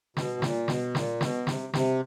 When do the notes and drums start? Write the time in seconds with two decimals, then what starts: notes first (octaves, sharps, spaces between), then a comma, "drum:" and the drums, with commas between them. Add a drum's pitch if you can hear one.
0.17 B2, drum: snare
0.36 A2
0.42 A#2, drum: snare
0.68 B2, drum: snare
0.95 A#2, drum: snare
1.21 B2, drum: snare
1.47 C3, drum: snare
1.74 C3, drum: snare